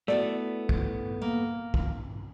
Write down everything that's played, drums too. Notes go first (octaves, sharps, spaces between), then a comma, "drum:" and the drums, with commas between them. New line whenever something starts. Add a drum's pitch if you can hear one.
A3 B3 E4 F#4 D5
drum: kick
A#3
drum: kick